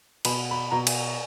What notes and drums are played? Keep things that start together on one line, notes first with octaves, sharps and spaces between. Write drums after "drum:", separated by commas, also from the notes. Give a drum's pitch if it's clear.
B2 B5, drum: cymbal
B5
B2 A#5
drum: cymbal